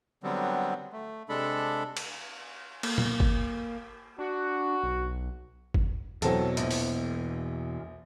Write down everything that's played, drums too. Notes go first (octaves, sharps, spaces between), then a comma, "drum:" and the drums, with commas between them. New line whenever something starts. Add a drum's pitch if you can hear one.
D3 F#3 G3 B3 C4
A3
C3 G#3 D4 A4 B5
drum: cymbal
A#3, drum: cymbal
drum: tom A#2
drum: kick G1
D4 F#4
B1
drum: kick G1
E2 B2 E3 F#3 C4 A4, drum: hi-hat
A#1, drum: hi-hat
drum: open hi-hat